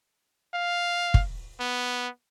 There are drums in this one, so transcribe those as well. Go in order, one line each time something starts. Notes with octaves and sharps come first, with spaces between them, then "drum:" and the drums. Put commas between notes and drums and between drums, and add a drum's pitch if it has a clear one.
F5
drum: kick
B3